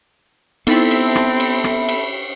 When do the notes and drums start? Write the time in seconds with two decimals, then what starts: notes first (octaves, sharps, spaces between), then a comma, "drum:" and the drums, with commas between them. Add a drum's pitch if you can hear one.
0.67 B3 C4 D#4 E4 A4 E5 B5, drum: cymbal
0.91 drum: cymbal
1.16 drum: rim click
1.40 drum: cymbal
1.64 drum: rim click
1.89 drum: cymbal